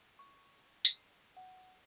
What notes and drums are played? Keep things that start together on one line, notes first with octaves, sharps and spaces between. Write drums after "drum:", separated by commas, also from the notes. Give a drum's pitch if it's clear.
C#6
C7, drum: tambourine
F#5